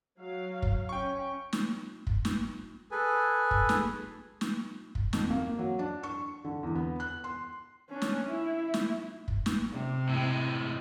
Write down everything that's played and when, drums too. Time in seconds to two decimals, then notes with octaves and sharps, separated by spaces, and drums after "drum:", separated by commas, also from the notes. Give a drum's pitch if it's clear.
0.19 F#3 F5
0.62 drum: kick
0.89 C#4 G5 C#6
1.53 drum: snare
2.07 drum: kick
2.25 drum: snare
2.91 G#4 A4 B4 G#5
3.51 drum: kick
3.69 drum: snare
4.41 drum: snare
4.95 drum: kick
5.13 F2, drum: snare
5.30 A#3
5.58 F#3
5.79 D4
6.03 C#6
6.44 D3
6.63 E2
6.75 B3
7.00 F#6
7.24 C6
7.89 C#4 D4
8.02 drum: snare
8.27 E4
8.74 drum: snare
9.28 drum: kick
9.46 drum: snare
9.73 C3
10.09 A2 G#3